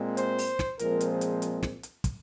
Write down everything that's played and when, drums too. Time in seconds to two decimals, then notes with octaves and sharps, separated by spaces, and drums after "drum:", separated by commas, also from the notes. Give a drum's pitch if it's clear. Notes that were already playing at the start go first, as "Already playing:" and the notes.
Already playing: A#2 G#3 C4
0.17 C5, drum: hi-hat
0.38 drum: open hi-hat
0.59 drum: snare
0.79 A#2 F3 G#3 C4 A#4, drum: hi-hat
1.01 drum: hi-hat
1.11 G#4
1.21 drum: hi-hat
1.42 drum: hi-hat
1.63 drum: snare
1.83 drum: hi-hat
2.04 drum: kick, hi-hat